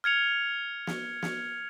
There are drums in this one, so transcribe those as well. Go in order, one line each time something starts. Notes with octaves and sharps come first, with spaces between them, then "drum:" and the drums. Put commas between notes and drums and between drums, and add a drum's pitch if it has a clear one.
F6 G#6 C#7 F7
drum: snare
drum: snare